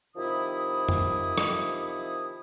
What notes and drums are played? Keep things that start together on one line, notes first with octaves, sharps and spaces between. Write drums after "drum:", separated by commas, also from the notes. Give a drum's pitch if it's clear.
C3 D#3 F3 E4 D#6
drum: tom F2
drum: rim click